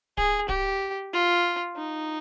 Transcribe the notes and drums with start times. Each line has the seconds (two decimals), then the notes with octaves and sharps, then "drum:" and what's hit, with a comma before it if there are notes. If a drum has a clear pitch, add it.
0.17 G#4, drum: kick D1
0.49 G4, drum: kick D1
1.14 F4
1.76 D#4